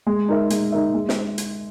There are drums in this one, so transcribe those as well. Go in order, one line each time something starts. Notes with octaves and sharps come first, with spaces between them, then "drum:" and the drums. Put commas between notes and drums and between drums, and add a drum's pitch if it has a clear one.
G#3
D#4 A#4 E5
G#3, drum: hi-hat
D#4 A#4 E5
G#3
drum: snare
drum: hi-hat